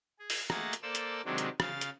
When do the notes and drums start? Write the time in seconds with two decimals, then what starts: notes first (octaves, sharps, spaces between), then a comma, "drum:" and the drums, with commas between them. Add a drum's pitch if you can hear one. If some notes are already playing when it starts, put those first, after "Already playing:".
0.19 G#4
0.30 drum: open hi-hat
0.50 A3 A#3 G#4 D#5 F#5 A6, drum: rim click
0.73 drum: hi-hat
0.83 A#3 A4 C5 D5 E6
0.95 drum: hi-hat
1.25 C3 D#3 F#3 G#3 C4 D4
1.38 drum: hi-hat
1.60 C#3 F5 A6, drum: rim click
1.81 drum: hi-hat